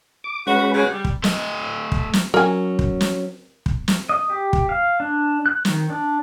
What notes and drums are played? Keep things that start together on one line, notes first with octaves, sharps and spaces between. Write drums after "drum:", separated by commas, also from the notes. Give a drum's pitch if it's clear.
D6
G#3 C#4 F#4 B4
C#3 F#4 G#4
G3
drum: kick
A3 D#5, drum: snare
drum: kick
drum: snare
F#3 C#4 A#4 G#5
drum: kick
drum: snare
drum: kick
drum: snare
D#5
G4
drum: kick
F5
D4
F#6
D#3, drum: snare
D4